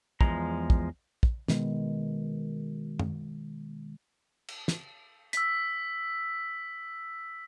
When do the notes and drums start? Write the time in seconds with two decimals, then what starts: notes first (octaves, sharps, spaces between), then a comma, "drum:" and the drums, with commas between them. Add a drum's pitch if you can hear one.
0.21 E2 F3 G#3 A#5, drum: kick
0.70 drum: kick
1.23 drum: kick
1.48 B2 D#3 G#3 B3, drum: snare
3.00 drum: tom F#2
4.48 drum: cymbal
4.68 drum: snare
5.33 E6 B6, drum: hi-hat